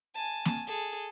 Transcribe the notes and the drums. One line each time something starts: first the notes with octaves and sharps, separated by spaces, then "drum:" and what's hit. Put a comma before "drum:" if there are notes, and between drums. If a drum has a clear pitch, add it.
G#5 A5
drum: snare A#3
G#4 A4